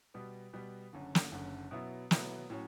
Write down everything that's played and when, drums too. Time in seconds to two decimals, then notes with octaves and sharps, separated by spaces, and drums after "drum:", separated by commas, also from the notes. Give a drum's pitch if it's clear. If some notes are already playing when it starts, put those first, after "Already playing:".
0.14 B2 G3 B3
0.53 B2 G3 B3
0.93 F#1 F#2 D3
1.15 drum: snare
1.32 F#1 F#2 D3
1.71 B2 F#3 B3 E4
2.11 B2 F#3 B3 E4, drum: snare
2.50 A2 F#3 C#4